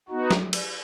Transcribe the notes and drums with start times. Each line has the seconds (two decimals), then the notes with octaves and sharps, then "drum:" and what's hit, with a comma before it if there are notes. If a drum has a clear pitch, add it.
0.09 B3 D#4 F#4
0.31 drum: snare
0.53 drum: cymbal